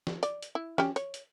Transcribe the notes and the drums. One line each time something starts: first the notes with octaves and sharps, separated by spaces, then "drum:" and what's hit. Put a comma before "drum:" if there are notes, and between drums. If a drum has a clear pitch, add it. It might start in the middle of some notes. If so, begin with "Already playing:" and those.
drum: snare
D5, drum: hi-hat
drum: hi-hat
E4
C#4 G4, drum: snare
C#5, drum: hi-hat
drum: hi-hat